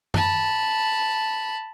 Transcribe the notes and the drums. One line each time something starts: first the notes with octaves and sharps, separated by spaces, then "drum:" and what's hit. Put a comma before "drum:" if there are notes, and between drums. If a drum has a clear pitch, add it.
A5 B5, drum: tom F#2